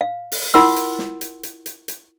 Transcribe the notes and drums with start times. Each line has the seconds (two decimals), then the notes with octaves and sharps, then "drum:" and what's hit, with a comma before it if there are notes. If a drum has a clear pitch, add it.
0.01 F5
0.32 drum: open hi-hat
0.54 E4 F4 A#4 F#5 C6 E6, drum: snare
0.76 drum: hi-hat
0.99 drum: snare
1.21 drum: hi-hat
1.43 drum: hi-hat
1.66 drum: hi-hat
1.88 drum: hi-hat